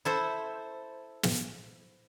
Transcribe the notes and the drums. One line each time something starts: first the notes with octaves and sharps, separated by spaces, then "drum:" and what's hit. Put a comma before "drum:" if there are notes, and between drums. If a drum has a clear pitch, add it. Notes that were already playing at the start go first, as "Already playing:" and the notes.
E4 A4 C5
drum: snare